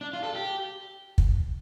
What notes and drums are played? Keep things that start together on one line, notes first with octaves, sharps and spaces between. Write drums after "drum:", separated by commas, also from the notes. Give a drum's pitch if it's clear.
D4
F4
A4
G4
drum: kick